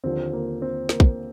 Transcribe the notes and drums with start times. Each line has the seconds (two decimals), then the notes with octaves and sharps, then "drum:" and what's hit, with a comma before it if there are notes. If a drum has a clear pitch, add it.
0.04 D#2 D3 F3 C4
0.33 A#3
0.62 C4
0.89 A#3, drum: snare
1.00 drum: kick